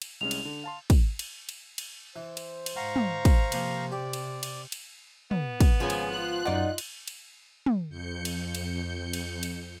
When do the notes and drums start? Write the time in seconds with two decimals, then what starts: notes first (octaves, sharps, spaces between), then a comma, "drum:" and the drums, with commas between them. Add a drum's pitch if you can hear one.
0.02 drum: cymbal
0.21 C2 G#3 C#4 F7
0.31 drum: cymbal
0.45 D3
0.64 F5 A5 C6
0.90 drum: kick, cymbal
1.19 drum: cymbal
1.49 drum: cymbal
1.78 drum: cymbal
2.16 E3 C5
2.37 drum: cymbal
2.66 drum: cymbal
2.76 G#2 F5 F#5 A#5 C#6
2.96 drum: tom
3.25 drum: kick, cymbal
3.52 C3 F3 A#3 B4, drum: cymbal
3.92 G4 D5
4.13 drum: cymbal
4.43 drum: cymbal
4.72 drum: cymbal
5.31 B3, drum: tom
5.60 drum: kick, cymbal
5.80 G#1 C#3 F3 G#5
5.90 drum: cymbal
6.11 F4 F#6
6.45 F#2 D#4 D5 F#5
6.78 drum: cymbal
7.08 drum: cymbal
7.66 drum: tom
7.89 F2 G6 C#7
8.25 drum: cymbal
8.55 drum: cymbal
9.13 drum: cymbal
9.43 drum: cymbal